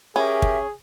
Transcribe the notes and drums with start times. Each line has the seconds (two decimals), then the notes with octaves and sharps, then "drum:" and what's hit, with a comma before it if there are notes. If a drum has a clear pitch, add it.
0.16 C#4 G4 G#4 A#4 E5
0.42 drum: kick